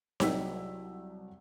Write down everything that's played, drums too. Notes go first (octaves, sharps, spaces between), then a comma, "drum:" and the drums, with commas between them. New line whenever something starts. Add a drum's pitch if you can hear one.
C2 F#3 G#4 G5 E6 B6, drum: snare D#4